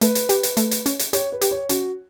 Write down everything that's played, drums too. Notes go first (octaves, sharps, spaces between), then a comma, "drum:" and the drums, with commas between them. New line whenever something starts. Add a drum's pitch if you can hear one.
A3 B4, drum: hi-hat
drum: hi-hat
G4, drum: hi-hat
drum: hi-hat
A3, drum: hi-hat
drum: hi-hat
C#4, drum: hi-hat
drum: hi-hat
G4 C#5, drum: hi-hat
B4
G4, drum: hi-hat
C#5
C#4 F#4, drum: hi-hat